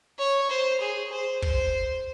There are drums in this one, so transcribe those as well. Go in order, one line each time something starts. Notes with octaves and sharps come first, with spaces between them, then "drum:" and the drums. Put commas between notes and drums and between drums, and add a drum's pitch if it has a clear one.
C#5
C5
G#4
C5
C5, drum: kick